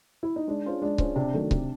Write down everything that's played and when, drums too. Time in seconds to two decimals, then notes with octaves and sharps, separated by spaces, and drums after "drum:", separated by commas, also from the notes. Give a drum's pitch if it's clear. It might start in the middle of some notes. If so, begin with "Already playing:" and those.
0.23 E4
0.36 D#4
0.47 G#3 D4
0.65 C#4 F4 G#4 C5
0.82 G#3 D4
0.98 C#4 F4 G#4 C5, drum: kick C#1
1.16 C3 D4
1.34 D#3 F#3 A3
1.51 C3, drum: kick C#1